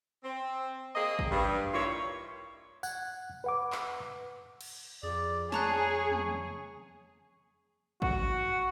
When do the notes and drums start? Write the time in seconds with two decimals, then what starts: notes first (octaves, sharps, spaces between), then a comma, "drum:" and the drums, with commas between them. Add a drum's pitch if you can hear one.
0.24 C4
0.95 A#3 C4 G#4 D#5
1.19 drum: kick A1
1.31 G2
1.73 D#3 A#3 E4 F4 C#5
2.83 F#5 F#6 G#6, drum: tambourine
3.44 B4 F#5 D6
3.72 drum: clap
4.61 drum: cymbal
5.03 F2 G#4 D5
5.52 G#4 C#5 A5 A#5 F#6, drum: snare
6.12 drum: tom
8.02 F#4, drum: kick A1